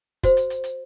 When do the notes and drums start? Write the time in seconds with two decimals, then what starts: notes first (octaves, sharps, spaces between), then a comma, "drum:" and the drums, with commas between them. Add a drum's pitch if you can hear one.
0.23 F#4 C5, drum: kick, hi-hat
0.37 drum: hi-hat
0.50 drum: hi-hat
0.64 drum: hi-hat